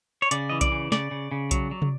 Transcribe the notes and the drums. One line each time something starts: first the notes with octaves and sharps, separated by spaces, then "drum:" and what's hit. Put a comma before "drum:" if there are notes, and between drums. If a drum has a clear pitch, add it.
C#5
C#3 D5, drum: hi-hat
E3 D#5
D5, drum: kick B1, hi-hat
C#3
C#3 D5, drum: snare
C#3
C#3
F#3, drum: kick B1, hi-hat
F#3
drum: tom